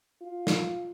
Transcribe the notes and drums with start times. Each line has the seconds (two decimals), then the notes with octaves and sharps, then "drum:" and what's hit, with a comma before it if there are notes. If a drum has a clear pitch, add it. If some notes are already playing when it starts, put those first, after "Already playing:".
0.22 F4
0.47 drum: snare